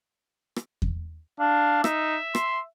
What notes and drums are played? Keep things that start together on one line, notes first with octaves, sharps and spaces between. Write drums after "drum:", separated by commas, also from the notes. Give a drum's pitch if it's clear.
drum: rim click
drum: kick E2
D4 F5
D#4 E5, drum: rim click
C6, drum: rim click